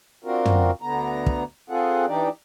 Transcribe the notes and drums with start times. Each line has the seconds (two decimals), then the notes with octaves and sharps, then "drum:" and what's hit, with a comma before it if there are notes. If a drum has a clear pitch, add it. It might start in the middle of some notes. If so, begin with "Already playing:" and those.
0.24 C4 D4 F4 F#4 A#4
0.45 drum: tom
0.82 D2 D3 B3 A#5
1.26 drum: kick
1.70 C4 F4 G#4 A4 F#5
2.07 E3 D4 D#4 G4 D5